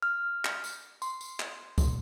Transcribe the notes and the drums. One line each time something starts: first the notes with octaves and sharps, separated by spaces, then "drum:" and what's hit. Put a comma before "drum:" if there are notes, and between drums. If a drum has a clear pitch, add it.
F6
drum: clap
drum: tambourine
C6, drum: tambourine
drum: tambourine
drum: clap
drum: kick C2, tambourine